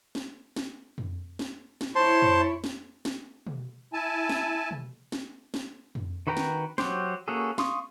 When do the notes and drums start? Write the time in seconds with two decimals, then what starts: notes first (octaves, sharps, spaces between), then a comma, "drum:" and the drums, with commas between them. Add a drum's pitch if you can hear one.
0.15 drum: snare
0.56 drum: snare
0.98 drum: tom F2
1.39 drum: snare
1.81 drum: snare
1.95 E4 C5 C#5 A5 C6
2.22 drum: tom F2
2.64 drum: snare
3.05 drum: snare
3.47 drum: tom B2
3.93 E4 G#5 A5
4.29 drum: snare
4.71 drum: tom B2
5.12 drum: snare
5.54 drum: snare
5.95 drum: tom F2
6.27 D#3 F#4 B4 G5 A#5
6.37 drum: snare
6.78 F#3 F#4 G4 C5, drum: snare
7.28 A#3 C#4 F#4 G#4 A4
7.58 F5 C6 C#6 D#6, drum: snare